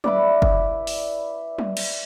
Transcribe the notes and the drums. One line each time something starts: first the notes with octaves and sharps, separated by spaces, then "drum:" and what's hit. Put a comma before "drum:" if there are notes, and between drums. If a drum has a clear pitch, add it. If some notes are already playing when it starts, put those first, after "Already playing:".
E4 B4 D5, drum: tom F#3
drum: kick F#1
drum: open hi-hat
drum: tom F#3
drum: cymbal